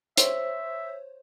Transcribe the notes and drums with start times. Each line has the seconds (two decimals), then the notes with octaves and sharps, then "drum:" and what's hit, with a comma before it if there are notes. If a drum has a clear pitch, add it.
0.17 C5 C#5 E5, drum: hi-hat